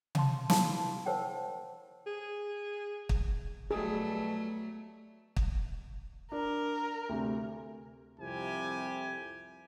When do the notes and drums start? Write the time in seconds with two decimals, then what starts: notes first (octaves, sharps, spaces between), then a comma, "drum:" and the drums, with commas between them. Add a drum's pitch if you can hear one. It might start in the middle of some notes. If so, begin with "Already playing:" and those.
0.15 F5 A5 C6, drum: tom C3
0.50 E4 F5 A5 B5 C6, drum: snare
1.06 A#4 C5 C#5 F#5 G5 A5
2.06 G#4
3.09 drum: kick
3.71 B2 F#3 G3 A3 G#4 A4
5.36 drum: kick
6.32 D4 A#4
7.09 D2 C3
8.19 C2 F2 C3 E4 G4 G#5